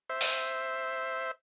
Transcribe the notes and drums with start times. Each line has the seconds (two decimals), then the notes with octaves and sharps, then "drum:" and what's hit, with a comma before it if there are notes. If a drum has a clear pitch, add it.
0.10 C5 E5
0.21 drum: open hi-hat